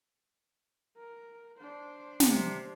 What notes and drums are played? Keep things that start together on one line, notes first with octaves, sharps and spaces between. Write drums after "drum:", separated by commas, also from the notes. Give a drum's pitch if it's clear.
A#4
D4 C5
C3, drum: snare